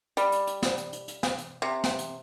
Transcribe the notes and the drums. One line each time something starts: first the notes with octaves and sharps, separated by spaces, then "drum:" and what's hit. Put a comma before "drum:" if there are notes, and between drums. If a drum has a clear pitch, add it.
G3, drum: hi-hat
drum: hi-hat
drum: hi-hat
drum: snare
drum: hi-hat
drum: hi-hat
drum: hi-hat
drum: snare
drum: hi-hat
C3
drum: snare
drum: hi-hat